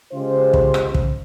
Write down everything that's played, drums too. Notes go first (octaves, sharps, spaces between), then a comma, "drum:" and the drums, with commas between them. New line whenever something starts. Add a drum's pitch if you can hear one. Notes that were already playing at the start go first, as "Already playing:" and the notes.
C#3 G#3 F4 G4 C5
drum: kick
drum: rim click
drum: kick